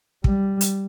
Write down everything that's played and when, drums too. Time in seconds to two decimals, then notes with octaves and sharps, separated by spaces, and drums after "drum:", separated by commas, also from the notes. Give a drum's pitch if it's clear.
0.24 G3, drum: kick
0.61 drum: hi-hat